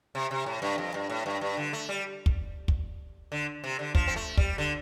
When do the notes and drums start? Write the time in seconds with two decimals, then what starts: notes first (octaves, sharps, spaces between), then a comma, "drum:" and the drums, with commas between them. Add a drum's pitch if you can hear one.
0.15 C3
0.31 C3
0.46 A2
0.62 G2
0.78 F2
0.94 G2
1.10 A2
1.26 G2
1.41 G2
1.57 D3
1.73 A3
1.89 G3
2.26 drum: kick
2.68 drum: kick
3.32 D3
3.64 C3
3.79 D3
3.95 F3, drum: kick
4.07 C4
4.16 A3
4.37 G3, drum: kick
4.58 D3